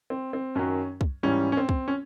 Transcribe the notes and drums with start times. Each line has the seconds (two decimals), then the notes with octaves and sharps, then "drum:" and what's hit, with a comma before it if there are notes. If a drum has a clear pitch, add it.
0.10 C4
0.33 C4
0.55 F#2 D#3 F#3 C#4
1.01 drum: kick
1.23 G#2 E3 G3 C#4
1.52 C#4
1.57 C4
1.69 drum: kick
1.88 C#4